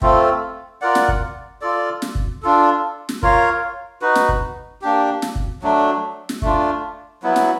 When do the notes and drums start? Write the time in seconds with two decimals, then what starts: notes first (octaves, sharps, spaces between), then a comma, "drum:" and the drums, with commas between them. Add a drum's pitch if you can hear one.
0.02 A3 C4 F4 A4, drum: kick
0.81 F4 A#4 D5 F#5
0.95 drum: snare
1.08 drum: kick
1.61 F4 A4 D5
2.02 drum: snare
2.15 drum: kick
2.43 D4 F4 A4
3.09 drum: snare
3.23 F4 A#4 C#5 F5, drum: kick
4.02 D#4 F#4 B4
4.15 drum: snare
4.29 drum: kick
4.82 A#3 D4 G4
5.22 drum: snare
5.36 drum: kick
5.62 F#3 A3 D4
6.29 drum: snare
6.42 A3 D4 F4, drum: kick
7.23 F#3 B3 E4
7.36 drum: snare